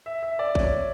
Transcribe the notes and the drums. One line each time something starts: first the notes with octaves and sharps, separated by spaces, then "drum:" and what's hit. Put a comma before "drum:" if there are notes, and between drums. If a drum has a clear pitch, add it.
E5
E5
D5
C#5, drum: kick A1